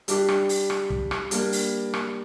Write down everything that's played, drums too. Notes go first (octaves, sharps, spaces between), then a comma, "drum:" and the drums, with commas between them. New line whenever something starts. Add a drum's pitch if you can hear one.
G3 D4 G4, drum: hi-hat
drum: rim click
drum: open hi-hat
drum: rim click
drum: kick
drum: rim click
G3 A#3 D4, drum: hi-hat
drum: open hi-hat
drum: rim click